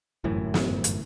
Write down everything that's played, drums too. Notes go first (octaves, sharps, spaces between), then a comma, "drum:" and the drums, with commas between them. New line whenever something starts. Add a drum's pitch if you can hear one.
G1 F#2 A2 E3
drum: snare
drum: hi-hat